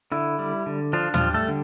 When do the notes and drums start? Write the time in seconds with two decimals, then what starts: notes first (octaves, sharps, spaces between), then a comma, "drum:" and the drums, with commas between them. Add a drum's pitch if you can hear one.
0.12 D3 E4
0.39 G3
0.66 D3
0.93 F3 D4 F4
1.14 F3 F4, drum: tom
1.20 G3
1.34 A3 A4
1.48 D3